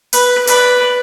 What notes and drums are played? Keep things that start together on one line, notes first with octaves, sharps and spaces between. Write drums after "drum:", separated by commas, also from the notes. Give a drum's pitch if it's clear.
B4, drum: hi-hat
B4 D5, drum: hi-hat